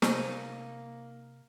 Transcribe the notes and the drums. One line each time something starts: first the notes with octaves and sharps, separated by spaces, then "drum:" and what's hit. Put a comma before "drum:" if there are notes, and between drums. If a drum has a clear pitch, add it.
C3 A#3 D#4 C5, drum: snare